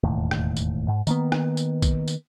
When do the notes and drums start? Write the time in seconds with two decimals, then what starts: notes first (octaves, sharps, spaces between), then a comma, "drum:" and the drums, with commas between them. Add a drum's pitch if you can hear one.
0.03 E1 D#2 A2
0.31 drum: rim click
0.57 drum: tambourine
0.88 G#2
1.07 D#3 A#3 B3, drum: tambourine
1.32 drum: rim click
1.57 drum: tambourine
1.82 drum: kick, tambourine
2.08 drum: tambourine